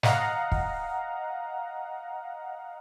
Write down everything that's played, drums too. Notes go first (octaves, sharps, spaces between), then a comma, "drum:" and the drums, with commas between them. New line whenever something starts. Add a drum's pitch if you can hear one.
D#5 F5 F#5 A#5, drum: snare
drum: kick